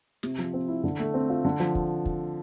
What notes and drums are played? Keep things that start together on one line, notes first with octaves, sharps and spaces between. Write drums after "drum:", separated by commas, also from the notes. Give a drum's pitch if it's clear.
C3, drum: snare
F3
C4
E4
D3
A3
C4
F4
D3
F3
drum: kick
drum: kick